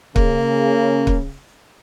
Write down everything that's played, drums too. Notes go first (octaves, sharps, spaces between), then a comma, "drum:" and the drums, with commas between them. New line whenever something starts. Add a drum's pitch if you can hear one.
C#3 A#3, drum: kick
drum: kick